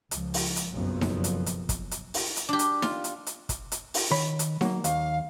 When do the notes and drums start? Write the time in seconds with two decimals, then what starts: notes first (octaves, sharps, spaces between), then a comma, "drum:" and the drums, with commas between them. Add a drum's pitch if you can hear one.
0.11 C#2 F3, drum: hi-hat
0.34 drum: open hi-hat
0.56 drum: hi-hat
0.72 F#1 B1 F2 F3 F#3 B3
1.01 drum: snare D#4
1.24 drum: hi-hat
1.46 drum: hi-hat
1.69 drum: kick, hi-hat
1.91 drum: hi-hat
2.14 drum: open hi-hat
2.36 drum: hi-hat
2.49 D4 G4
2.59 drum: hi-hat
2.82 F4, drum: snare D#4
3.04 drum: hi-hat
3.27 drum: hi-hat
3.49 drum: kick, hi-hat
3.72 drum: hi-hat
3.94 drum: open hi-hat
4.11 D#3 C#5 B5
4.39 drum: hi-hat
4.61 F#3 A#3, drum: snare D#4
4.84 D#2 F5, drum: hi-hat